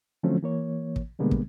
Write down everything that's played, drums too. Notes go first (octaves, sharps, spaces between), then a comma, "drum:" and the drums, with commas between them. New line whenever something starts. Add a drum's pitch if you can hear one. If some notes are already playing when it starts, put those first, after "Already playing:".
D3 F3 F#3 A3 C4 C#4
E3 A#3 C#5
drum: kick
B2 D3 G3 G#3 A#3 B3
drum: kick